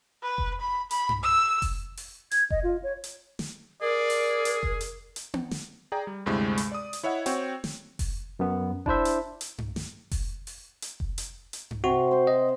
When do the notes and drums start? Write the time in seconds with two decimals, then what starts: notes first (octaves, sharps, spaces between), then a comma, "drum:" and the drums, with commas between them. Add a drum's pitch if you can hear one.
0.22 B4
0.38 drum: kick F1
0.61 B5
0.91 B5, drum: hi-hat
1.09 drum: tom G2
1.23 E6
1.62 drum: kick F1, open hi-hat
1.97 drum: open hi-hat
2.31 G#6, drum: hi-hat
2.51 D#5, drum: kick F1
2.64 F4
2.83 C#5
3.04 drum: hi-hat
3.39 drum: snare
3.82 G#4 A#4 D5
4.10 drum: open hi-hat
4.45 drum: hi-hat
4.63 drum: kick F1
4.81 drum: hi-hat
5.16 drum: hi-hat
5.34 drum: tom B3
5.51 drum: snare
5.92 G#4 D5 G5 A#5
6.07 G3
6.26 D2 G2 C3 G#3 E4
6.58 drum: hi-hat
6.72 D5 D#6
6.93 drum: hi-hat
7.03 E4 C#5 D#5 E5 F#5
7.26 C4 F#4 C#5 G5, drum: hi-hat
7.64 drum: snare
7.99 drum: kick F1, open hi-hat
8.39 F#2 B3
8.86 D4 E4 C5 E5, drum: kick F1
9.05 drum: hi-hat
9.41 drum: hi-hat
9.58 drum: tom G2
9.76 drum: snare
10.11 drum: kick F1, open hi-hat
10.47 drum: open hi-hat
10.82 drum: hi-hat
11.00 drum: kick F1
11.18 drum: hi-hat
11.53 drum: hi-hat
11.71 drum: tom G2
11.84 C3 F#4
12.11 C5 F#5
12.27 D#5